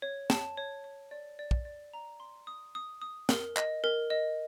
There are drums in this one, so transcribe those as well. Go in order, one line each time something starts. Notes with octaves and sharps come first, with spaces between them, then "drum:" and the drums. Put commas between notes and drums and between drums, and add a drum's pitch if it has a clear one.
C#5
A5, drum: snare
C#5
C#5
D5
D5
drum: kick
D5
A#5
C6
D#6
D#6
D#6
A#4, drum: snare
D#5, drum: clap
A#4
D#5